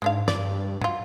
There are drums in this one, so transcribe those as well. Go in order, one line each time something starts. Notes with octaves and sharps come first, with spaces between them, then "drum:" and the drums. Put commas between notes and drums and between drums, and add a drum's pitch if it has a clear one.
G#2 G#3 D4 F5
G2 D5, drum: snare
F#3 F4, drum: tom